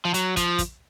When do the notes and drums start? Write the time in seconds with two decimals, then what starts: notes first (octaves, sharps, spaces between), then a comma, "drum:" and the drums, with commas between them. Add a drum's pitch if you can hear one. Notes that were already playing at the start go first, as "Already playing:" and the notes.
0.05 F3
0.14 F#3, drum: hi-hat
0.37 F3, drum: kick, hi-hat
0.59 drum: kick, hi-hat